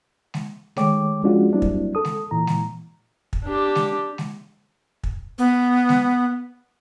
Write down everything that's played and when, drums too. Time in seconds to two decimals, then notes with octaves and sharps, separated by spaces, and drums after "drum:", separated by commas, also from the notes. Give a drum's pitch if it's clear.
0.34 drum: snare
0.76 D#3 G#3 A3 C#5 G5 D6, drum: snare
1.24 F3 G#3 C#4 D4 F4 F#4
1.53 F#3 G3 A#3 C4 D4 E4
1.62 drum: kick
1.95 A4 D#6
2.05 drum: snare
2.31 A#2 E3 A#5
2.47 drum: snare
3.33 drum: kick
3.44 D4 G4
3.75 drum: snare
4.18 drum: snare
5.04 drum: kick
5.39 B3
5.89 drum: snare